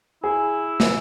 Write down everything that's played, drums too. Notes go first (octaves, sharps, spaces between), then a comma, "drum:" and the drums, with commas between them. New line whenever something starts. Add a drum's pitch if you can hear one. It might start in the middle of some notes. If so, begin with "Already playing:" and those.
E4 G#4
drum: snare